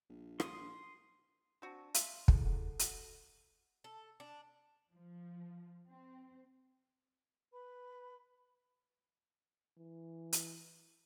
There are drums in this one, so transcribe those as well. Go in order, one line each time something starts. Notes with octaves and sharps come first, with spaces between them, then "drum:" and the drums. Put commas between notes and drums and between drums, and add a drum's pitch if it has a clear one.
A#1
C6 D#6, drum: rim click
C4 D4 F#4 A5
E5 F5 C6, drum: hi-hat
E4 G#4 A4, drum: kick
A4 F#5
F#4, drum: hi-hat
A4
D4
F3
C4
B4 B5
E3
drum: hi-hat